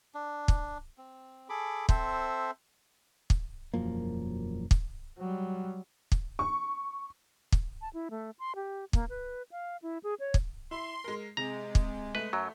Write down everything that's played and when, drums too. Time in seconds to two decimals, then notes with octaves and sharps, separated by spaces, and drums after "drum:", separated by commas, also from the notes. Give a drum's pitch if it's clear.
0.14 D4
0.48 drum: kick
0.98 C4
1.49 G#4 A4 B5 D6
1.89 C4 A4 C5 E5, drum: kick
3.30 drum: kick
3.74 E1 F#2 F3 A#3
4.71 drum: kick
5.18 F#3 G3
6.12 drum: kick
6.39 C#6
7.52 drum: kick
7.81 A5
7.94 E4
8.11 A3
8.39 C6
8.56 G4
8.93 A#3, drum: kick
9.09 B4
9.51 F5
9.82 E4
10.03 G#4
10.20 C#5
10.34 drum: kick
10.71 E4 C6
11.04 G#3 A#4
11.37 C3 G#3 A#5
11.75 drum: kick
12.15 A3 B4
12.33 F#2 F#3